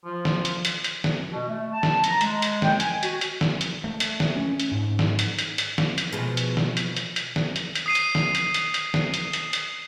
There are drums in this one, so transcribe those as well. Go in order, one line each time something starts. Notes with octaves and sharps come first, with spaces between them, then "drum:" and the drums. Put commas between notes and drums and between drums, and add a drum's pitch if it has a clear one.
F3
drum: snare
drum: hi-hat
drum: hi-hat
drum: hi-hat
drum: snare
B2
A3
A5
drum: snare
A#5, drum: hi-hat
G#3, drum: hi-hat
drum: hi-hat
G5, drum: snare
G#5, drum: hi-hat
F#4, drum: hi-hat
drum: hi-hat
drum: snare
drum: hi-hat
A3
drum: hi-hat
drum: snare
C#4
drum: hi-hat
G#2
drum: snare
drum: hi-hat
drum: hi-hat
drum: hi-hat
drum: snare
drum: hi-hat
B2 F3 G#3
drum: hi-hat
drum: snare
drum: hi-hat
drum: hi-hat
drum: hi-hat
drum: snare
drum: hi-hat
drum: hi-hat
D#6 C7 D#7
drum: hi-hat
drum: snare
drum: hi-hat
drum: hi-hat
drum: hi-hat
drum: snare
drum: hi-hat
drum: hi-hat
drum: hi-hat